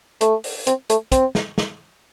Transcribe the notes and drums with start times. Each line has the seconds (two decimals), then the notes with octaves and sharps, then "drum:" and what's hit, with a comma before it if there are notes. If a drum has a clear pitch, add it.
0.21 A3, drum: hi-hat
0.44 drum: open hi-hat
0.67 C4, drum: hi-hat
0.90 A3, drum: hi-hat
1.12 C4, drum: kick, hi-hat
1.35 drum: snare
1.58 drum: snare